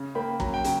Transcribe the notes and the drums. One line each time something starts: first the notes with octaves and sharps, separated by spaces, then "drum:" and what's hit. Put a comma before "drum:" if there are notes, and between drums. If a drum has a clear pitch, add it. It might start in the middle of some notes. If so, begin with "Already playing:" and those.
Already playing: C#3
A#3 G5 B5
F#3 A#5, drum: kick
G5
C#3, drum: hi-hat